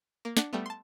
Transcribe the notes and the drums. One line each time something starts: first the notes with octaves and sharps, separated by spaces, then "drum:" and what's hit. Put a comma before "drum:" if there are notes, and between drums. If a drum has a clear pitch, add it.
A#3
D4 F#5, drum: snare
G3 A3 B3
A5 C6